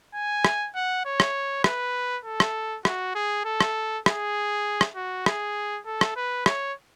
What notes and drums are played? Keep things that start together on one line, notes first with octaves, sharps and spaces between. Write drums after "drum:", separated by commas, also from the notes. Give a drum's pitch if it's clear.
G#5
drum: rim click
F#5
C#5
drum: rim click
B4, drum: rim click
A4
drum: rim click
F#4, drum: rim click
G#4
A4
drum: rim click
G#4, drum: rim click
drum: rim click
F#4
G#4, drum: rim click
A4
drum: rim click
B4
C#5, drum: rim click